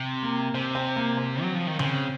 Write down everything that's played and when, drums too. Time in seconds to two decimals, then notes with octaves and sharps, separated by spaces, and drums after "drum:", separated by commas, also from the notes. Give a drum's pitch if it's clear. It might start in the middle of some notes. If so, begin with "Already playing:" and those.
Already playing: C3
0.23 A#3
0.54 C3 C4
0.75 C4
0.96 A#3
1.17 C4
1.42 F#3
1.55 F3
1.67 D#3
1.79 C#3 C4, drum: tom C#3